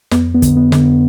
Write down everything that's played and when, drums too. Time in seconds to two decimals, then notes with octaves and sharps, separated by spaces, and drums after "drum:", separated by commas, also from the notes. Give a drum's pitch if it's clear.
0.11 F2 B3, drum: snare
0.34 B3
0.42 D3, drum: kick, hi-hat
0.57 B3
0.72 D3, drum: snare